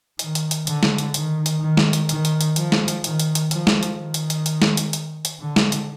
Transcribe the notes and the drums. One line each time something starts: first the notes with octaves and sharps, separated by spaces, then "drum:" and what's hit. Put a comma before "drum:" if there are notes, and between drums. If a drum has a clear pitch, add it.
D#3, drum: hi-hat
drum: hi-hat
drum: hi-hat
D3, drum: hi-hat
drum: snare
drum: hi-hat
D#3, drum: hi-hat
drum: hi-hat
D#3
drum: snare
drum: hi-hat
D#3, drum: hi-hat
drum: hi-hat
drum: hi-hat
F3, drum: hi-hat
drum: snare
drum: hi-hat
D#3, drum: hi-hat
drum: hi-hat
drum: hi-hat
F3, drum: hi-hat
drum: snare
drum: hi-hat
D#3
drum: hi-hat
drum: hi-hat
drum: hi-hat
drum: snare
drum: hi-hat
drum: hi-hat
drum: hi-hat
D3
drum: snare
drum: hi-hat